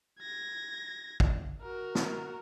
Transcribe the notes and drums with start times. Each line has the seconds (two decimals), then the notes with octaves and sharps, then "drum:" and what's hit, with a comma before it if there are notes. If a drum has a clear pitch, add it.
0.20 G#6 A#6
1.20 drum: kick
1.62 F#4 A#4
1.95 drum: snare A#3